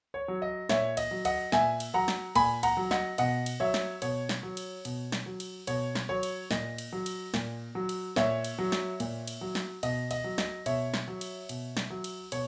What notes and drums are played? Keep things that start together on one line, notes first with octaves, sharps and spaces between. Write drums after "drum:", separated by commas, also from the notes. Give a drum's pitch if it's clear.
C#5
F#3
D#5
A#2 C#5 E5, drum: snare
D#5, drum: cymbal
F#3
D#5 F#5, drum: cymbal
A#2 E5 G#5, drum: snare
drum: cymbal
F#3 F#5 A#5
drum: snare
A#2 G#5 B5, drum: cymbal
F#5 A#5, drum: cymbal
F#3
D#5 F#5, drum: snare
B2 D#5 F#5, drum: cymbal
drum: cymbal
F#3 C#5 E5
drum: snare
B2 C#5, drum: cymbal
drum: snare
F#3
drum: cymbal
B2, drum: cymbal
drum: snare
F#3
drum: cymbal
B2 C#5, drum: cymbal
drum: snare
F#3 C#5
drum: cymbal
A#2 D#5, drum: snare
drum: cymbal
F#3
drum: cymbal
A#2, drum: snare
F#3
drum: cymbal
A#2 C#5 E5, drum: snare
drum: cymbal
F#3
drum: snare
A#2, drum: cymbal
drum: cymbal
F#3
drum: snare
B2 D#5, drum: cymbal
D#5, drum: cymbal
F#3
D#5, drum: snare
B2 C#5 E5, drum: cymbal
drum: snare
F#3
drum: cymbal
B2, drum: cymbal
drum: snare
F#3
drum: cymbal
B2 C#5, drum: cymbal